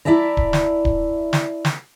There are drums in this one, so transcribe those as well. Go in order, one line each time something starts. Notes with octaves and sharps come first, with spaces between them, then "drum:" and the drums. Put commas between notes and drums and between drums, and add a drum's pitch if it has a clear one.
E4 D5 E5 A5 A#5
drum: kick D1
drum: snare
drum: kick D1
drum: snare
drum: snare